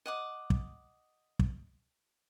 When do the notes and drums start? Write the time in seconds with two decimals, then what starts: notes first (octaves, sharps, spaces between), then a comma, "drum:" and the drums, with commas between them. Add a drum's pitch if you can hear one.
0.06 D#5 F#5 D6
0.50 drum: kick
1.39 drum: kick